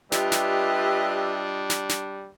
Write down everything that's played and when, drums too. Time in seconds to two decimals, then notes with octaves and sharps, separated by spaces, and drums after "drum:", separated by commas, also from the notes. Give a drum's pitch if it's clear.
0.12 G3 D4 F4 G4 B4 D#5 E5, drum: snare
0.32 drum: snare
1.70 drum: snare
1.89 drum: snare